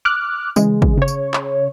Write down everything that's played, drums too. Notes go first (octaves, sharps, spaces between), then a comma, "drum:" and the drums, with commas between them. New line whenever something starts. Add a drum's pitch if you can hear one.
D6 F6 F#6
C#3 E3 G#3, drum: tambourine
drum: kick
C#3 C#5
drum: tambourine
drum: clap C6